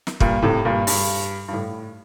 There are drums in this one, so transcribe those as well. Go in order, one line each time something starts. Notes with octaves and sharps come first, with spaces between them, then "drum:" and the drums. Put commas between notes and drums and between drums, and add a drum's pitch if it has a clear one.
drum: snare
G2 A#2, drum: kick
A2 C3
G2 A#2
G2, drum: open hi-hat
G2
A2